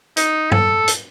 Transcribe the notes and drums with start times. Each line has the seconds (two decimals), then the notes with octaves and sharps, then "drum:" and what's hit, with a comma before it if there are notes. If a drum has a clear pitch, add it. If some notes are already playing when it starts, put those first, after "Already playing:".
0.17 D#4, drum: hi-hat
0.52 A4, drum: tom G2
0.88 drum: hi-hat